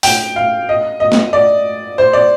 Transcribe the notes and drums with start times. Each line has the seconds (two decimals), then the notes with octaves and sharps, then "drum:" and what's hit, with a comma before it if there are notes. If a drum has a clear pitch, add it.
0.03 G5, drum: open hi-hat
0.36 F5
0.69 D#5
1.00 D#5
1.12 drum: snare
1.33 D5
1.98 C5
2.13 D5